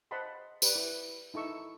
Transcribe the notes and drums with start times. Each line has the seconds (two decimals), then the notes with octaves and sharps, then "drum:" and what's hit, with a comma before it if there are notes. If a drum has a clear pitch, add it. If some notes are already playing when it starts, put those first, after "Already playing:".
0.11 C5 D#5 F#5 A5 B5 C6
0.62 G4 B4 D5, drum: tambourine
0.76 E4 B4
1.34 D#4 E4 A4 C#6 E6